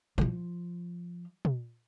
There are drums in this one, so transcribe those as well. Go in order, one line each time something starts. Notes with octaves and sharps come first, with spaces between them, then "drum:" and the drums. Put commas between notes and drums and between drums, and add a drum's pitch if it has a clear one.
F3 F4, drum: tom
drum: tom